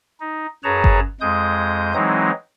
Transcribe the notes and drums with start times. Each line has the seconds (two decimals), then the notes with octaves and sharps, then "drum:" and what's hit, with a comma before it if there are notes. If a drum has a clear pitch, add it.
0.20 D#4
0.64 F#2 G#4 B4 C#5 A5 A#5
0.84 drum: kick G1
1.21 F2 G#3 D#6 G6
1.94 E3 F#3 G#3 C4 D#4